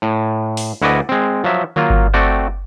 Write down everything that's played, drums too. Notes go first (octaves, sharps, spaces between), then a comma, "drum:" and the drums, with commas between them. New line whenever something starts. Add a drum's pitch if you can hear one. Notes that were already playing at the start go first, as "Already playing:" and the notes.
A2
drum: open hi-hat
D2 E4 F#4 B4 D5 D#5
G#3 C4
F3 F#3 E5
F#3 A#3 F4, drum: tom D3
drum: kick G1
A3 C4 F#4 D5 G5